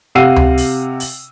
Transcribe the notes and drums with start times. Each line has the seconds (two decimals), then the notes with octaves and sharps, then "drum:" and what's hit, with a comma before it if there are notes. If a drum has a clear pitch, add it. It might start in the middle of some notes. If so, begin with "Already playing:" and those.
0.15 C3 F5 F#5 E6 C7 D#7
0.36 drum: tom C#2
0.58 drum: open hi-hat
1.00 drum: open hi-hat